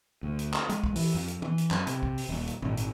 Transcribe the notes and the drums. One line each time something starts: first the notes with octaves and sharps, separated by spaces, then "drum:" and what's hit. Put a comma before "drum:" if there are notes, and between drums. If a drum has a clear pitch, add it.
D2
drum: hi-hat
drum: clap
G#3, drum: hi-hat
drum: kick
E3, drum: open hi-hat
F2
drum: hi-hat
E3, drum: tom D#3
drum: hi-hat
F#2, drum: clap
C3, drum: hi-hat
drum: kick
drum: open hi-hat
D#1
drum: hi-hat
G#1, drum: tom A#2
drum: hi-hat